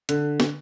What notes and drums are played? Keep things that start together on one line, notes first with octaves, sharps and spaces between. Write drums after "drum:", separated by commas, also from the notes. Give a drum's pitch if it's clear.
D3, drum: hi-hat
drum: snare